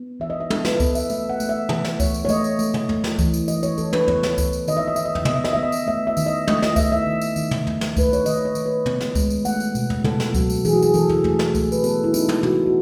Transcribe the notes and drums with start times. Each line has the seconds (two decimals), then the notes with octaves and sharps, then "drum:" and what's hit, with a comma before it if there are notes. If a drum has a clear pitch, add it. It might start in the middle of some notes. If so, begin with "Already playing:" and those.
Already playing: B3
0.20 E3 E5
0.30 D#5
0.40 E5
0.50 B3 A4, drum: tom
0.65 B4, drum: snare
0.80 B3 A4, drum: kick C#2, tambourine
0.95 E5, drum: tambourine
1.10 A3 E5, drum: tambourine
1.30 F#5
1.40 A3, drum: tambourine
1.49 E5
1.69 E3, drum: tom
1.84 drum: snare
2.00 A3 C#5, drum: kick C#2, tambourine
2.14 drum: tambourine
2.25 C#5
2.29 A3 D#5, drum: tambourine
2.44 drum: tambourine
2.59 A3, drum: tambourine
2.74 drum: tom
2.89 A3, drum: tom
3.04 drum: snare
3.19 E3, drum: kick C#2, tambourine
3.34 drum: tambourine
3.48 E3 D#5, drum: tambourine
3.63 C#5, drum: tambourine
3.78 E3 A4, drum: tambourine
3.93 B4, drum: tom
4.08 B3 C#5, drum: tom
4.23 drum: snare
4.38 B3, drum: kick C#2, tambourine
4.53 drum: tambourine
4.68 D#3 D#5, drum: tambourine
4.77 E5
4.88 D#5
4.96 D#3 E5, drum: tambourine
5.05 D#5
5.15 E5, drum: tom
5.25 B3 D#5, drum: tom
5.34 E5
5.44 D#5, drum: snare
5.53 B3 E5
5.63 D#5
5.72 drum: tambourine
5.87 A3 E5
6.07 E5
6.17 D#3, drum: tambourine
6.26 D#5
6.47 A3 D#5, drum: tom
6.62 D#5, drum: snare
6.76 A3 E5, drum: kick C#2, tambourine
6.92 E5
7.07 D#3
7.21 drum: tambourine
7.36 D#3, drum: tambourine
7.51 drum: tom
7.67 A3, drum: tom
7.81 drum: snare
7.97 A3 B4, drum: kick C#2, tambourine
8.13 C#5, drum: tambourine
8.26 D#3 D#5, drum: tambourine
8.45 C#5
8.55 D#3, drum: tambourine
8.66 B4
8.86 B3, drum: tom
9.00 drum: snare
9.15 G#3, drum: kick C#2, tambourine
9.30 drum: tambourine
9.45 A3 F#5, drum: tambourine
9.60 drum: tambourine
9.75 B2, drum: tambourine
9.90 drum: tom
10.04 B2 A4, drum: tom
10.20 drum: snare
10.35 F#3, drum: kick C#2, tambourine
10.50 drum: tambourine
10.65 E3 G#4, drum: tambourine
10.73 F#4
10.82 G#4, drum: tambourine
10.94 E3 A4, drum: tambourine
11.09 drum: tom
11.24 A3, drum: tom
11.39 drum: snare
11.55 A3, drum: kick C#2, tambourine
11.72 B4, drum: tambourine
11.84 B3 A4, drum: tambourine
12.04 E4
12.14 B3 D#4, drum: tambourine
12.29 drum: tom
12.43 E3 F#4, drum: tom
12.66 F#4